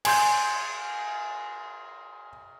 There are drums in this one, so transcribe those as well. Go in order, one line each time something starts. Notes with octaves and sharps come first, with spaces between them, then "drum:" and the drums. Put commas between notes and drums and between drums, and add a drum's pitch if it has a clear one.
G#5 C6 G6, drum: cymbal